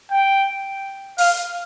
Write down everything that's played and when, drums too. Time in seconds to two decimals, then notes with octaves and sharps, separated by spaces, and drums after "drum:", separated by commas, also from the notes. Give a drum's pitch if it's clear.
0.10 G5
1.18 F5, drum: open hi-hat